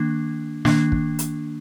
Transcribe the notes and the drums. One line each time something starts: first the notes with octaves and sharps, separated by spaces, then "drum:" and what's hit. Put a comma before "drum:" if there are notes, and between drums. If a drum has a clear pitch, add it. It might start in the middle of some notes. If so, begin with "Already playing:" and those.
Already playing: D#3 A#3 D4
D#3 A#3 D4, drum: snare
drum: kick
drum: hi-hat